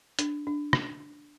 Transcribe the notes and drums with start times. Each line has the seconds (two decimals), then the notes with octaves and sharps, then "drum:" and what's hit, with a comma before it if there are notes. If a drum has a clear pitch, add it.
0.19 D4, drum: hi-hat
0.47 D4
0.73 drum: rim click